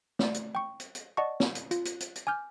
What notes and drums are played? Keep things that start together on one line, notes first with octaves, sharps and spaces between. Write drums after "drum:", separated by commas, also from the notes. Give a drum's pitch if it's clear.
A3 D5, drum: snare
drum: hi-hat
G5 C#6
drum: hi-hat
drum: hi-hat
D5 D#5 F#5 A5 C#6
drum: snare
drum: hi-hat
F4, drum: hi-hat
drum: hi-hat
drum: hi-hat
drum: hi-hat
G#5 D6 F6 G6